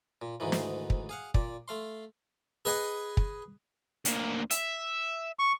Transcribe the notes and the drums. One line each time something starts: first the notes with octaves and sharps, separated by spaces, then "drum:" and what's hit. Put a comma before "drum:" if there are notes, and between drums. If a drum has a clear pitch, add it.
A#2
D2 G#2 D#3 E3
drum: snare
drum: kick
G#4 F5 F#5
A#2 D5, drum: kick
A3 F5 C6
G#4 B4 D#5 F#5 G#5
drum: kick
D2 A#3, drum: hi-hat
E5, drum: hi-hat
C#6